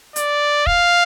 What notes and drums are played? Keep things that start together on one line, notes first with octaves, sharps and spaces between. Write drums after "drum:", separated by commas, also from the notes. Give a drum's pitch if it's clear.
D5, drum: hi-hat
F5, drum: kick